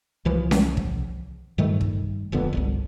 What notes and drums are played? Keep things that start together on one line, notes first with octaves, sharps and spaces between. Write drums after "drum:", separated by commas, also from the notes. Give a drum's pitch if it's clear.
C2 E3 F3
drum: snare C#4
drum: kick
G2 D#3 G3 A3
drum: kick
D1 F2 D3 B3
D1 G1 C2